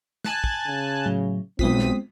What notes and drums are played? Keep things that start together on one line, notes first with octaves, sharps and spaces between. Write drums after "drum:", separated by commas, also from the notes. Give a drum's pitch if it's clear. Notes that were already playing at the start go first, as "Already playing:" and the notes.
G#5 A5 F#6, drum: snare
drum: kick
C#3
A2 F#3
B1 G#3 B3 C4 F4 D#6 B6, drum: kick
drum: snare